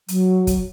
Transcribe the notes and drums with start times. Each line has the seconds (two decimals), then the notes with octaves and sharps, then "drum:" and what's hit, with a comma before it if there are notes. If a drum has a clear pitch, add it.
0.08 F#3, drum: hi-hat
0.47 drum: kick, hi-hat